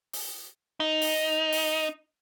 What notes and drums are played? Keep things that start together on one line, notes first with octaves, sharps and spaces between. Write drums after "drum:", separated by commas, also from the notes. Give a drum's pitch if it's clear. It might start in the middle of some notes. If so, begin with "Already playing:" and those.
drum: open hi-hat
D#4
drum: open hi-hat
drum: open hi-hat